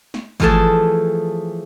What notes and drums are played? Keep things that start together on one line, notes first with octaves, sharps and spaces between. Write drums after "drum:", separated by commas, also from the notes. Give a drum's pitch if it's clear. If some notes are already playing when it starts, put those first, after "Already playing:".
drum: snare
E3 F3 A3 G#4 A4 A5, drum: kick